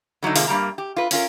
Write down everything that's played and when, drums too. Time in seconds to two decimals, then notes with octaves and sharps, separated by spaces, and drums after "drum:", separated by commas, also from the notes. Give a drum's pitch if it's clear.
0.23 D3 F#3 D4 D#4
0.36 C3 D#3 G#3 A#3 F4, drum: open hi-hat
0.47 G2 G3 A#3 A#5
0.78 G4
0.96 F4 B4
1.11 C#4 F4 A#4, drum: open hi-hat